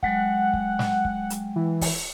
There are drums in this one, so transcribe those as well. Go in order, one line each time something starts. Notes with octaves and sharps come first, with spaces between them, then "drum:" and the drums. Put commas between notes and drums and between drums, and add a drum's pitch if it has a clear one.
F#3 G#3 F#5 G5, drum: kick
drum: kick
drum: snare
drum: kick
drum: hi-hat
E3
drum: kick, open hi-hat